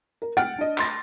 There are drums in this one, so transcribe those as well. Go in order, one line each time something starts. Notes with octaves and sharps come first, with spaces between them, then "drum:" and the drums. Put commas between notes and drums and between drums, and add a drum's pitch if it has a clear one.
A#4
F#5 G5 F6 A6 C#7 D7
D4 D#5
B5 C6 A6 A#6, drum: clap